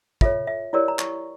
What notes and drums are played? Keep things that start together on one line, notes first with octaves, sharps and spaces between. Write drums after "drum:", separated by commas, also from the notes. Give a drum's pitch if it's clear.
F4 A4 C#5 E5, drum: kick
E5
E4 G4 A#4 C#5 D5
A#5
C#6, drum: clap